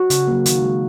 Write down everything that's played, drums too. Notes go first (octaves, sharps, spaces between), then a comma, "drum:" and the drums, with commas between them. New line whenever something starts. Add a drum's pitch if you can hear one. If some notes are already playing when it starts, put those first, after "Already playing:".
Already playing: F#4
C#3, drum: hi-hat
F#3 A#3
D#3, drum: hi-hat
G#3